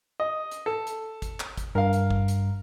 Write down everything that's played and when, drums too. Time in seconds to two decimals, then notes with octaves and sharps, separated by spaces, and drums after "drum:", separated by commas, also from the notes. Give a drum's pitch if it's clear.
0.20 D#5
0.51 drum: hi-hat
0.66 A4
0.87 drum: hi-hat
1.22 drum: kick G#1, hi-hat
1.40 drum: clap
1.57 drum: kick G#1, hi-hat
1.75 G2 A#4 F5
1.93 drum: hi-hat
2.10 drum: kick G#1
2.28 drum: hi-hat